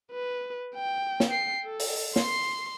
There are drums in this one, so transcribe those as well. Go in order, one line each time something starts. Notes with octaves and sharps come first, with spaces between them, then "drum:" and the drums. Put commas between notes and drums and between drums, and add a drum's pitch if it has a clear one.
B4
G5
drum: snare
G5 C7
A4
drum: open hi-hat
C6 C7, drum: snare